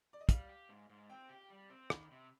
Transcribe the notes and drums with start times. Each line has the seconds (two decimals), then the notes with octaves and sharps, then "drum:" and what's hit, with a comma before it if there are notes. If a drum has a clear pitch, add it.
0.13 D5
0.21 D#5
0.29 G3 F5, drum: kick, hi-hat
0.49 G4
0.69 G#2
0.89 G#2
1.10 C4 G5
1.29 G4
1.50 G3
1.70 C4
1.90 D#3 B5, drum: rim click
2.11 C3